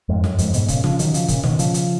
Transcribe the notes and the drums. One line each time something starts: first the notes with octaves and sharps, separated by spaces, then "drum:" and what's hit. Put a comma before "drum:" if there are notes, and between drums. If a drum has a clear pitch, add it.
F2 G#2
F#2, drum: snare
F2 G#2, drum: hi-hat
G#2 B2, drum: hi-hat
A#2 C#3, drum: kick C#1, hi-hat
C#3 F3, drum: snare
D#3 F#3, drum: hi-hat
C#3 F3, drum: hi-hat
A#2 C#3, drum: kick C#1, hi-hat
B2 D#3, drum: snare
C#3 F3, drum: hi-hat
drum: hi-hat